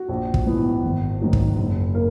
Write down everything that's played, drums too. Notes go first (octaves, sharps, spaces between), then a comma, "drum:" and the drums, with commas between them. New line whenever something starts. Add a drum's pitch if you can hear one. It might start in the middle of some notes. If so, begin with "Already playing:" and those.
Already playing: F#4
A#1
drum: kick
G#2 E3 B3
G#1
G#2 D#3 F#3
drum: kick
F#1
A#3 A#4